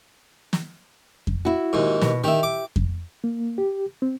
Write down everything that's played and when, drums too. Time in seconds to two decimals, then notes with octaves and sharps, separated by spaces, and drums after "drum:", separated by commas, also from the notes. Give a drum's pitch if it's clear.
0.53 drum: snare
1.27 drum: kick F2
1.45 E4 F#4
1.73 D#2 G#2
2.01 B2, drum: snare
2.24 D#3 G4 E5
2.43 D6
2.76 drum: kick F2
3.24 A#3
3.58 G4
4.02 C4